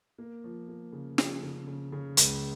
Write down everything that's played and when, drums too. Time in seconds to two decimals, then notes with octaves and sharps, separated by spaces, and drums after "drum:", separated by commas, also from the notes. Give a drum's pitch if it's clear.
0.18 A#3
0.44 F3
0.68 A#3
0.92 C#3
1.18 F3, drum: snare
1.43 C#3
1.67 C#3
1.92 C#3
2.17 C#2, drum: hi-hat